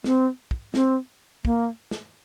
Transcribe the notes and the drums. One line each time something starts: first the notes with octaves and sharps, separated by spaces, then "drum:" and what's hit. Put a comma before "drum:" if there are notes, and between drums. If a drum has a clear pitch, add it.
C4, drum: snare
drum: kick
C4, drum: snare
A#3, drum: kick
drum: snare